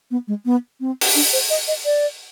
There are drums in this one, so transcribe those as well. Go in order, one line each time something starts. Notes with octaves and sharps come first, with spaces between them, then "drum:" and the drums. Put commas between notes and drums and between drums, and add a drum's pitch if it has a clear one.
B3
G#3
B3
C4
drum: open hi-hat
D4
C5
D#5
D#5
D5